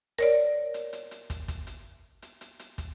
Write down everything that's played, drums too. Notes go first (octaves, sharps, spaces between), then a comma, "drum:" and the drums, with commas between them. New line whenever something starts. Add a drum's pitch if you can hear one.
A#4 C#5 D5, drum: hi-hat
drum: hi-hat
drum: hi-hat
drum: hi-hat
drum: kick, hi-hat
drum: kick, hi-hat
drum: hi-hat
drum: hi-hat
drum: hi-hat
drum: hi-hat
drum: kick, hi-hat